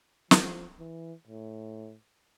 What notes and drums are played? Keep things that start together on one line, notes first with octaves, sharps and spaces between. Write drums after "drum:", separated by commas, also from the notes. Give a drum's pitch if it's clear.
F3, drum: snare
E3
A2